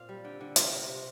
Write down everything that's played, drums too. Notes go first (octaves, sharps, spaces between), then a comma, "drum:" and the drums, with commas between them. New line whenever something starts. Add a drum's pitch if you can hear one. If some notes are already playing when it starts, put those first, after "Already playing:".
Already playing: A#2 C4 C5 F5
G3
D3 G5
D3
C3 F5, drum: hi-hat
C3
C3